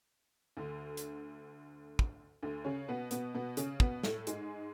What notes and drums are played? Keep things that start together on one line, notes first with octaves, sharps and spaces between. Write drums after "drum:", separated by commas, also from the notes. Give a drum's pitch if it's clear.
D2 D3
drum: hi-hat
drum: kick
D2 D3
C#3 C#4
B2 B3
B2 B3, drum: hi-hat
B2 B3
C#3 C#4, drum: hi-hat
B2 B3, drum: kick
A2 A3, drum: snare
G#2 G#3, drum: hi-hat